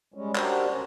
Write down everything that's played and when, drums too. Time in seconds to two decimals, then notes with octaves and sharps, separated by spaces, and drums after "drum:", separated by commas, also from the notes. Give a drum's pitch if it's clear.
0.14 G3 G#3 C#4
0.35 D4 F#4 G4 A#4 C5, drum: clap
0.70 D2 C#4 A#5